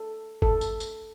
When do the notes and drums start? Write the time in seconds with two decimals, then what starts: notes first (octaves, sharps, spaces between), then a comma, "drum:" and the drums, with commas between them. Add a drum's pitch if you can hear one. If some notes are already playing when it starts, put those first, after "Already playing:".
Already playing: A4
0.42 A4, drum: kick G1
0.61 drum: tambourine
0.80 drum: tambourine